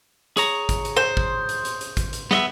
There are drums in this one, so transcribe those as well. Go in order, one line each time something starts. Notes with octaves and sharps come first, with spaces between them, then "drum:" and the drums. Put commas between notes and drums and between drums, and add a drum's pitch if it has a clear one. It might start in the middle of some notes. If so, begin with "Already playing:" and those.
G#4 C#5 A#5, drum: hi-hat
drum: kick, hi-hat
drum: hi-hat
C5
drum: kick
drum: hi-hat
drum: hi-hat
drum: hi-hat
drum: kick, hi-hat
drum: hi-hat
B3 D#5 E5, drum: snare